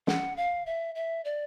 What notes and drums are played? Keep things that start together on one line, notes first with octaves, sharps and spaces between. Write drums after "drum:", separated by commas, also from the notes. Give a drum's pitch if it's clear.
F#5, drum: snare
F5
E5
E5
D5